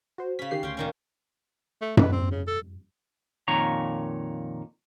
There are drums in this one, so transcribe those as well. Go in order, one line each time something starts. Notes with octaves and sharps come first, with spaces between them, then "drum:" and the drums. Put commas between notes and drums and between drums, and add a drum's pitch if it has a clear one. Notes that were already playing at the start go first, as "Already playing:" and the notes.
F#4 C5
C#3 C#4 B6
D#3 G4 C7
D2 C#4 G5 C6
A#2 D#3 C#4
A3
B4, drum: tom F#2
C4
C#3
A4
F2 A#2 D#3 C#5 A#5